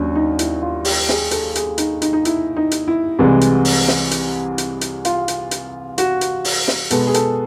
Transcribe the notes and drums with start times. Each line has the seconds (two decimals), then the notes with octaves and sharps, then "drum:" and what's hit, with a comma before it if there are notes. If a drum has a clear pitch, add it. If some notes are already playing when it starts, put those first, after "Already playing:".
Already playing: D#2 F#3 C#4 D4
0.16 D#4
0.39 E4, drum: hi-hat
0.62 F4
0.85 G4, drum: open hi-hat
1.09 G#4, drum: snare
1.31 A4, drum: hi-hat
1.55 G#4, drum: hi-hat
1.78 D#4, drum: hi-hat
2.02 D#4, drum: hi-hat
2.13 D#4
2.25 E4, drum: hi-hat
2.57 D#4
2.71 drum: hi-hat
2.88 E4
3.19 C2 C3 E3 G#3
3.41 drum: hi-hat
3.65 drum: open hi-hat
3.88 drum: snare
4.11 drum: hi-hat
4.58 drum: hi-hat
4.81 drum: hi-hat
5.05 F4, drum: hi-hat
5.28 drum: hi-hat
5.51 drum: hi-hat
5.98 F#4, drum: hi-hat
6.21 drum: hi-hat
6.45 drum: open hi-hat
6.68 drum: snare
6.91 B2 G#3 B3 A4, drum: hi-hat
7.07 G#4
7.14 A4, drum: hi-hat